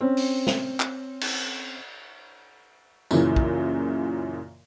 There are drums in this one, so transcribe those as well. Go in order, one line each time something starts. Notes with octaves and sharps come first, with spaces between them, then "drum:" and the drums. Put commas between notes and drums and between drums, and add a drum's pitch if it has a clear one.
C4 C#4
drum: open hi-hat
drum: snare
drum: clap
drum: cymbal
F#2 A#2 C#3 E3, drum: tambourine
drum: kick